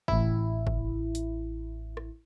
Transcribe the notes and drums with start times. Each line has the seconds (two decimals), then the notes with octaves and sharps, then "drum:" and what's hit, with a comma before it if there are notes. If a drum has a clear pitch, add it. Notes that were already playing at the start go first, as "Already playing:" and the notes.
0.08 A1 E4, drum: kick
0.67 drum: kick
1.15 drum: hi-hat
1.97 drum: rim click